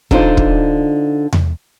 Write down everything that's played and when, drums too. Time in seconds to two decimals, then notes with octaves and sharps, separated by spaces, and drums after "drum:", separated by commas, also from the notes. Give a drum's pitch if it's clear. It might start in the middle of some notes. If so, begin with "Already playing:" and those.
0.11 D3 D4 D#4 F4 C5, drum: kick
0.37 drum: kick
1.33 drum: tom E2